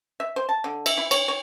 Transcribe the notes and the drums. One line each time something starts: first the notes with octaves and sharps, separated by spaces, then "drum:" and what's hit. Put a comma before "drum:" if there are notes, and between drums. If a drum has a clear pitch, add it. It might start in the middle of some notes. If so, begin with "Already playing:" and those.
E5
C5
A5
D3
E5, drum: cymbal
E4
C#5, drum: cymbal
C#5